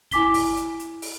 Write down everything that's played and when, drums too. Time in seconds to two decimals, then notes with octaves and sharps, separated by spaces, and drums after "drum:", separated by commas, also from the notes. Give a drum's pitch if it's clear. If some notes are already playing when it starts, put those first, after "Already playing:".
0.11 E4 G#5 D6 B6 G7, drum: kick, hi-hat
0.34 drum: kick, open hi-hat
0.57 drum: hi-hat
0.80 drum: hi-hat
1.02 drum: open hi-hat